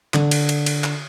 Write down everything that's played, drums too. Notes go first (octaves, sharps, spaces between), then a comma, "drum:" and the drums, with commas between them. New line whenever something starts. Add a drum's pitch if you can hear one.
D3, drum: clap
drum: cymbal
drum: cymbal
drum: cymbal
drum: clap